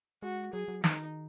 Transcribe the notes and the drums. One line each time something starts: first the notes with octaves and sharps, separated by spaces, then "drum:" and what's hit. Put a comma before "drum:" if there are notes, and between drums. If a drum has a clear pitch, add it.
G#3 F#4
F#3 G#4
F#3
D#3 D#4, drum: snare